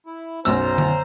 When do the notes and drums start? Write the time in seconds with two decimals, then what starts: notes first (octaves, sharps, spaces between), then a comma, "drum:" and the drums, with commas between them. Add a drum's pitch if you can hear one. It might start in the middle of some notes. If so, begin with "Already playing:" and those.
0.06 E4
0.45 B1 F#2 C5 A#5 E6, drum: hi-hat
0.78 drum: tom D3